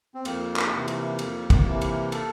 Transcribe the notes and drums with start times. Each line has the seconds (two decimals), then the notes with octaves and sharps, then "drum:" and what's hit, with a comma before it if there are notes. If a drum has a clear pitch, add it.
0.15 C4
0.25 F2 A#3, drum: cymbal
0.56 drum: clap
0.72 C3 E3
0.88 drum: cymbal
1.19 F2, drum: cymbal
1.50 drum: kick, cymbal
1.66 C3 E3
1.81 drum: cymbal
2.12 A4, drum: cymbal